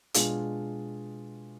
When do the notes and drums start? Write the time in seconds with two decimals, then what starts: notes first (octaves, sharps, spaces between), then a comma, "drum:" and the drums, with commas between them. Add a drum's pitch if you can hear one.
0.14 B2 G#3 D4 F4 G#4, drum: hi-hat